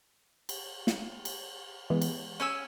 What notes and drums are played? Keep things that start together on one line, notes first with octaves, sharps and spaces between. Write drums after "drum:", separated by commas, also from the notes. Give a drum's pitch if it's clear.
drum: cymbal
drum: snare
drum: cymbal
E3 G#3 B3
drum: cymbal
C#4 G#5 E6